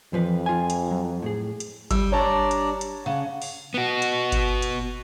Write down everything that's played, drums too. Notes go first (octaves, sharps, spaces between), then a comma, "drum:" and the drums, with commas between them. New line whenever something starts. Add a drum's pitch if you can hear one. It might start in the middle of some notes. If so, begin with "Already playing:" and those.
F2 E3 F3 B4
F4 G#5
drum: hi-hat
F#3
A2 G#4
drum: hi-hat
G3 E6, drum: kick G1, hi-hat
D4 C#5 D5 A5 A#5
drum: hi-hat
drum: hi-hat
C#3 F#5
drum: open hi-hat
B3 F#4
drum: hi-hat
drum: kick G1, hi-hat
drum: hi-hat